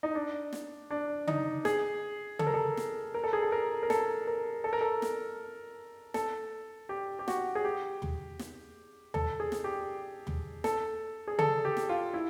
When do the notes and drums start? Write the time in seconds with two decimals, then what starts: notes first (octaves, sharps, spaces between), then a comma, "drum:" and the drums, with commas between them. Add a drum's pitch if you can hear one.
0.03 D#4
0.15 D4
0.53 drum: snare
0.91 D4
1.27 D#4, drum: tom C#3
1.65 G#4, drum: snare
2.39 A4, drum: tom C#3
2.47 A#4
2.54 A4
2.77 drum: snare
3.14 A#4
3.24 A4
3.33 G#4
3.42 A4
3.52 A#4
3.83 A#4
3.90 A4, drum: snare
4.27 A#4
4.64 A4
4.73 A#4
4.81 A4
5.02 drum: snare
6.14 A4, drum: snare
6.89 G4
7.19 G4
7.28 F#4, drum: snare
7.55 G#4
7.65 G4
8.02 drum: tom
8.39 drum: snare
9.14 A4, drum: tom
9.40 G#4
9.52 drum: snare
9.64 G4
10.27 drum: tom
10.64 A4, drum: snare
11.28 G#4
11.39 A4, drum: tom C#3
11.65 G4
11.77 drum: snare
11.89 F4
12.14 E4